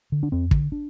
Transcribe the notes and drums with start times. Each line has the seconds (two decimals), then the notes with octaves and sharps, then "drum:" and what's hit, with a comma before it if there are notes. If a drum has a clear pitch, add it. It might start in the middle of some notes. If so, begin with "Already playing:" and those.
0.12 D3
0.23 D4
0.32 F2 C4
0.51 D3, drum: kick
0.72 D4